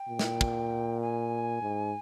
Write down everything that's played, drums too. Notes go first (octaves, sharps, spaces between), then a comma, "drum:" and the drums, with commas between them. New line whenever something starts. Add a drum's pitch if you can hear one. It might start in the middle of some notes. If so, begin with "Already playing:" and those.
Already playing: G5
A#2
drum: snare
drum: kick
G#5
G#2